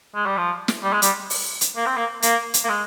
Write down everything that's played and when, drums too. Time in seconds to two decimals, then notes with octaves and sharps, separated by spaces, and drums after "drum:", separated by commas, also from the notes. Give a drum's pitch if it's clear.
0.15 G#3
0.26 G3
0.37 F3
0.68 drum: snare
0.83 G3
0.93 G#3
1.02 G3, drum: hi-hat
1.30 drum: open hi-hat
1.61 drum: hi-hat
1.76 A#3
1.86 C4
1.96 A#3
2.22 A#3, drum: hi-hat
2.54 drum: hi-hat
2.64 A#3
2.69 G#3